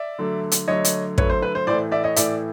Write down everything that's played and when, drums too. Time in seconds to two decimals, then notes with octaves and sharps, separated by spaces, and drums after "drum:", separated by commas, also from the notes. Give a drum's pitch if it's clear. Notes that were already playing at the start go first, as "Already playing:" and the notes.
Already playing: D5 E5
0.19 D3 F#3 A3
0.52 drum: hi-hat
0.68 D3 F#3 A3 C#5 D#5
0.85 drum: hi-hat
1.18 D3 F#3 A3 B4 C#5, drum: kick
1.30 C5
1.42 B4
1.55 C5
1.67 A2 E3 A3 C5 D5
1.92 D5 E5
2.04 C#5 D#5
2.16 A2 E3 A3 D5 E5, drum: hi-hat